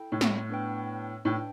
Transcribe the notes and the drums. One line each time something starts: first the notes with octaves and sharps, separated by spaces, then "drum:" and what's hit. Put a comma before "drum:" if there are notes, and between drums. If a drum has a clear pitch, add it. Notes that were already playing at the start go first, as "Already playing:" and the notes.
Already playing: E4 A4 G5
A2
drum: snare
B3 D4 B4 G5
A2 D4 B4 G5